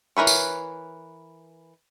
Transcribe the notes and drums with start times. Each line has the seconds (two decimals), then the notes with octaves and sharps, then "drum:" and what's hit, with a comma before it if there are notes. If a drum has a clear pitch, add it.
0.17 E3 A#4 B4 C#5
0.27 drum: tambourine